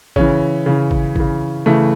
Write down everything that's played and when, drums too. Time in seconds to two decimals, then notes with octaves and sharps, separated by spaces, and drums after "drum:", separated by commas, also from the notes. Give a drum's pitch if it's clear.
0.16 C#3 E3 C#4, drum: kick G#1
0.66 C#3 E3
0.91 drum: kick G#1
1.16 C#3 E3, drum: kick G#1
1.66 C#3 E3 A3